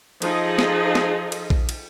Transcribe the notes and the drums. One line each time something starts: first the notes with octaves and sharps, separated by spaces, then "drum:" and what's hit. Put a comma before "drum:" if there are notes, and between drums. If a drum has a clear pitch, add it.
F3 D#4 G#4 A4 D#5, drum: cymbal
drum: snare
drum: snare
drum: cymbal
drum: kick A#1
drum: cymbal